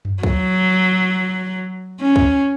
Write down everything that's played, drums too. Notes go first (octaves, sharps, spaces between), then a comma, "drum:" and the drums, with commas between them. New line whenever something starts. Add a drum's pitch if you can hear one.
drum: tom F#2
F#3, drum: kick
C#4
drum: kick